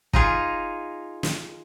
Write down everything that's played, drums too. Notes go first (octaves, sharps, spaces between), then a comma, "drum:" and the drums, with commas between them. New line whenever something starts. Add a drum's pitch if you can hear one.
D#4 F4 G#4, drum: kick
drum: snare